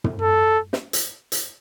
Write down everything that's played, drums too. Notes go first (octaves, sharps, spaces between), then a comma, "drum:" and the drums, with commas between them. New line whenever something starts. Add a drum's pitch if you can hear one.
drum: tom
A4
drum: snare
drum: hi-hat
drum: hi-hat